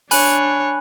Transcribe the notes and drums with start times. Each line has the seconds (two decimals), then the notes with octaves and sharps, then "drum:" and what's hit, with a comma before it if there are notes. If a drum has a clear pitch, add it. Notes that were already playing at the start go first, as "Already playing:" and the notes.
0.11 D4 C#5 G#5 B5 F#6, drum: open hi-hat